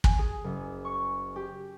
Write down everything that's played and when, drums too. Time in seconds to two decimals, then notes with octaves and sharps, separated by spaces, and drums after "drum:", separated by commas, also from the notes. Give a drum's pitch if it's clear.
0.04 G#5, drum: kick
0.19 G#4
0.44 F#1
0.85 C#6
1.36 G4